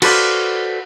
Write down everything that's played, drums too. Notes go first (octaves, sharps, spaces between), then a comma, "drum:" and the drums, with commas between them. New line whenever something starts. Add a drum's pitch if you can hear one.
F#4 A4 B4 C5 D5 F5, drum: cymbal